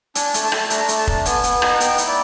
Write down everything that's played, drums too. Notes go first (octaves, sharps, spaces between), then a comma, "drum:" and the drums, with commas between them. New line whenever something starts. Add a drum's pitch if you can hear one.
D4 G#5, drum: hi-hat
A3, drum: hi-hat
A5
A3, drum: rim click
D4 A#5, drum: hi-hat
A3, drum: hi-hat
A5
D4, drum: kick F1
B3 G#5, drum: hi-hat
B3 G#5, drum: hi-hat
D#4 G#5, drum: rim click
F#5
B3 G5, drum: hi-hat
E4, drum: hi-hat
D5